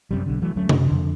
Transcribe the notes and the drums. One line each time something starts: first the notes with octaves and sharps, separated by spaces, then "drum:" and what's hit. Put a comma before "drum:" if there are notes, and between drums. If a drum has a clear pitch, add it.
F#2 C3 G3
B1 D3
E3 F#3 A3
D2 F#3 A3 C#4
F#2 C#3 F#3, drum: tom C3
F2 D3